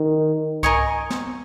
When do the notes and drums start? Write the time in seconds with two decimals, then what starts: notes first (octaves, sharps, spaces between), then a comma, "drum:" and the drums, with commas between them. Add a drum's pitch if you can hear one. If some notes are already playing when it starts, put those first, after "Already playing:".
Already playing: D#3
0.63 A#4 D#5 G#5 C#6, drum: kick C2
1.10 drum: snare